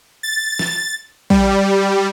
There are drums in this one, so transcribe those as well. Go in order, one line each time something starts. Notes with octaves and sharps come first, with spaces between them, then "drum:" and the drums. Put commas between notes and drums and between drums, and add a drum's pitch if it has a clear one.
A6
drum: snare
G3, drum: kick